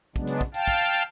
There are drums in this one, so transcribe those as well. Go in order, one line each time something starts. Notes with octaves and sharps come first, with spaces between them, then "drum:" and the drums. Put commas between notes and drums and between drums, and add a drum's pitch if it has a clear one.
C#3 F#3 G#3 B3 D4, drum: kick
drum: hi-hat
drum: kick
F5 G5 A5, drum: hi-hat
drum: kick, hi-hat
drum: hi-hat
drum: hi-hat